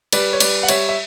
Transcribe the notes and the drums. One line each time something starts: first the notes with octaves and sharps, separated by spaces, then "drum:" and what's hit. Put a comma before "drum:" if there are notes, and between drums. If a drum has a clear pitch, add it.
G3 B4 D5, drum: cymbal
C#5
G3 B4 D5, drum: cymbal
F#5
G3 C#5 E5, drum: cymbal
E5